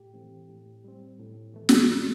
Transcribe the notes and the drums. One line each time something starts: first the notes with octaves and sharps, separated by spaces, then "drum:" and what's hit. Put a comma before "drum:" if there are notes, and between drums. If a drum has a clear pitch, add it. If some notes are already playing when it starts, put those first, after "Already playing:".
Already playing: A2 G4
E3 A3 C4
A2
G3 C4
A2
E3 A3
drum: snare